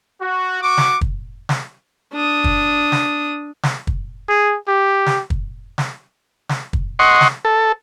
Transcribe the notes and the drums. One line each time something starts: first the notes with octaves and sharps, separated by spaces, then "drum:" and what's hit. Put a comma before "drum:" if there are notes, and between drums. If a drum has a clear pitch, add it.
F#4
F#4 C#6 D6
drum: snare
drum: kick
drum: snare
D4 D#6
drum: kick
drum: snare
drum: snare
drum: kick
G#4
G4
drum: snare
drum: kick
drum: snare
drum: snare
drum: kick
D#5 F#5 C6 C#6
drum: snare
A4